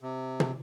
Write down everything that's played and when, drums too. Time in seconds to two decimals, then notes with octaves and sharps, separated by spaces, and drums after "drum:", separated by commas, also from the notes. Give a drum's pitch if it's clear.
0.01 C3
0.40 drum: tom